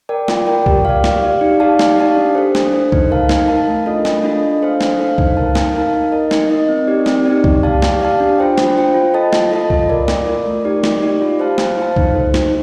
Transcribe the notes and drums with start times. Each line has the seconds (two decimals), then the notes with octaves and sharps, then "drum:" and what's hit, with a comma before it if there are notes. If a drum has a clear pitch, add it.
0.09 A#4 D5 G5
0.28 F4, drum: snare
0.47 A#4 D5 G5
0.66 G4, drum: kick C2
0.85 D5 F5
1.04 G4, drum: snare
1.22 D5 F5
1.41 D#4
1.60 G4 D5 F5 A5
1.79 D#4, drum: snare
1.97 G4 D5 F5 A5
2.17 D4
2.35 A4 C5
2.55 D4, drum: snare
2.73 A4 C5
2.92 D#4, drum: kick C2
3.10 A#4 F5 A5
3.29 D#4, drum: snare
3.48 A#4 F5 A5
3.68 A3
3.86 D4 F4 A4 D#5
4.05 A3, drum: snare
4.23 D4 F4 A4 D#5
4.43 D4
4.62 A4 C5 F5
4.81 D4, drum: snare
4.99 A4 C5 F5
5.18 D#4, drum: kick C2
5.37 A#4 F5 A5
5.55 D#4, drum: snare
5.74 A#4 F5 A5
5.93 D#4
6.12 A#4 D#5
6.31 D#4, drum: snare
6.50 A#4 D#5
6.69 C4
6.87 D#4 G4 D5
7.06 C4, drum: snare
7.25 D#4 G4 D5
7.44 G4, drum: kick C2
7.63 D5 F5 A5
7.82 G4, drum: snare
8.01 D5 F5 A5
8.20 D4
8.38 F4 C5 G5
8.58 D4, drum: snare
8.76 F4 C5 G5
8.95 F4
9.14 A4 D#5 A5
9.33 F4, drum: snare
9.52 A4 D#5 A5
9.70 F4, drum: kick C2
9.89 A#4 D5
10.08 F4, drum: snare
10.27 A#4 D5
10.46 A3
10.65 D#4 G4 D5
10.84 A3, drum: snare
11.02 D#4 G4 D5
11.21 F4
11.39 C5 F5 A5
11.58 F4, drum: snare
11.78 C5 F5 A5
11.96 D#4, drum: kick C2
12.15 A4 C5
12.34 D#4, drum: snare